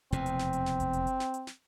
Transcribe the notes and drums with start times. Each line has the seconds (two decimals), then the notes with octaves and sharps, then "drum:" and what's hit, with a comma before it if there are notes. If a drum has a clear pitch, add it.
0.12 F1 E2 B2 C4, drum: hi-hat
0.26 drum: hi-hat
0.39 drum: snare
0.53 drum: hi-hat
0.66 drum: snare
0.80 drum: kick F#1, hi-hat
0.93 drum: hi-hat
1.07 drum: hi-hat
1.20 drum: snare
1.34 drum: hi-hat
1.47 drum: snare